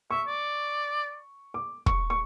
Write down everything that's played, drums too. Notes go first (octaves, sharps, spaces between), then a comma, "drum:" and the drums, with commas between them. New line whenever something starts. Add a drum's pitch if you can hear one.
E5 C#6
D5
D6
C#6, drum: kick
C#6